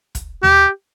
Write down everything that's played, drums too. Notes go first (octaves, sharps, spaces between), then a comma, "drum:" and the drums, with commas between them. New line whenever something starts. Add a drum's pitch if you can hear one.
drum: kick, hi-hat
G4, drum: tom D#2